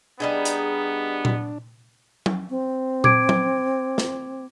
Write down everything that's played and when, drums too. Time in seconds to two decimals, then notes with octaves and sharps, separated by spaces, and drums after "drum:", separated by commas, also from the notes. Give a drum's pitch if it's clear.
0.20 G3 B3 D4 D#4 G#4
0.45 drum: hi-hat
1.25 drum: tom A#2
2.26 drum: tom F#3
2.50 C4
3.04 D6 G#6 D7, drum: tom A#2
3.29 drum: tom F#3
3.98 drum: snare